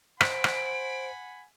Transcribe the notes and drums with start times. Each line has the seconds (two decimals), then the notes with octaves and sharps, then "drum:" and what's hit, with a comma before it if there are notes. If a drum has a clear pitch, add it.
0.21 C5 F#5 G#5 B5 B6 D7, drum: rim click
0.44 drum: rim click